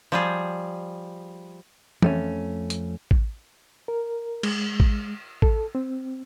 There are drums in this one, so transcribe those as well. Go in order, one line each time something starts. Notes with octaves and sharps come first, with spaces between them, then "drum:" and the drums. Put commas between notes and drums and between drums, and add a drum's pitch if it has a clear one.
F3 G3 G#4
F2 A3 C#4, drum: tom E3
drum: hi-hat
drum: kick A1
A#4
G#3, drum: cymbal
drum: kick A1
A4, drum: kick A1
C4